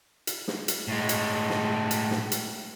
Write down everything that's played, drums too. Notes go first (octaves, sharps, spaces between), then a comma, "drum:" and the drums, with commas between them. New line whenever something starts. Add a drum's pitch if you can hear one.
drum: hi-hat
drum: snare
drum: hi-hat
A2 G#3
drum: hi-hat
drum: snare
drum: hi-hat
drum: snare
drum: hi-hat